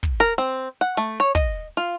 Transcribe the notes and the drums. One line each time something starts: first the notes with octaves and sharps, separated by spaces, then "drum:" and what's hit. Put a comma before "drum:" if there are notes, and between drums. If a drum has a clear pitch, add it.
drum: kick
A#4
C4
F#5
A3
C#5
D#5, drum: kick
F4